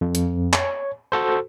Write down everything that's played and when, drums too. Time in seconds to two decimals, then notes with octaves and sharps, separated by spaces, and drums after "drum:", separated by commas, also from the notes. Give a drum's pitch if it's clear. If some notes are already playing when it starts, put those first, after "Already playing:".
0.01 F2
0.15 drum: hi-hat
0.53 C#5, drum: clap
1.12 F#4 A4 C5